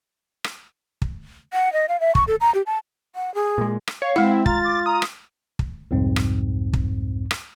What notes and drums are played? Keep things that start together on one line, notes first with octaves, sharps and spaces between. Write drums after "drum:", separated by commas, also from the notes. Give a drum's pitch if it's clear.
drum: rim click
drum: kick
F#5
D#5
F5
E5
C#6, drum: kick
A4
A#5
G4
A5
F#5
G#4
A#2 G#3
drum: rim click
C#5 F5
G#3 C4 E4 F#5
F4 A#5 A6, drum: kick
D6
A#5 D#6
drum: rim click
drum: kick
C2 F2 G#2 C4
drum: rim click
drum: kick
drum: rim click